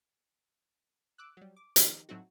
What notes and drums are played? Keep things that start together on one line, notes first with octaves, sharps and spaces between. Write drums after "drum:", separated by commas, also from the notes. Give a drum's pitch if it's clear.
D6 E6 F#6
F#3 G3
D6
D#3 F3 D#4 G4, drum: hi-hat
A2 F#3 A3 C4 D#4 F#4